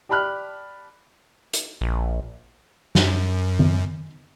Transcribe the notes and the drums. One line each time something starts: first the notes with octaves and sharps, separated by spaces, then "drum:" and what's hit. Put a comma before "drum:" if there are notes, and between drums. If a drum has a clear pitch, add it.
G4 D5 A5 B5 F6 F#6
drum: hi-hat
A#1
F#2, drum: snare
drum: tom D#3